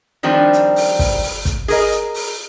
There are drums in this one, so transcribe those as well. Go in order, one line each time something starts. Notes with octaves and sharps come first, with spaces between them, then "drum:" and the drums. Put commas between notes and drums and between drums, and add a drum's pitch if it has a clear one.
D#3 F3 G3 C4 D4
drum: hi-hat
drum: open hi-hat
drum: kick, open hi-hat
drum: open hi-hat
drum: kick, hi-hat
G#4 A#4 D#5, drum: open hi-hat
drum: hi-hat
drum: open hi-hat